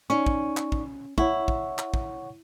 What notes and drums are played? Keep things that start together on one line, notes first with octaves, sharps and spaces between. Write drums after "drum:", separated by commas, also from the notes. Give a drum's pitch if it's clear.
C#4 D#4 D5 C#6
drum: kick
drum: clap
drum: kick
E4 C#5 F#5 C#6, drum: kick
drum: kick
drum: clap
drum: kick